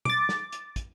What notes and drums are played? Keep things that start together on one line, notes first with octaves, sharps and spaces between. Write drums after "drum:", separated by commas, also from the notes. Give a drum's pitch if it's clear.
D6 A6, drum: tom
drum: snare
drum: hi-hat
drum: kick, hi-hat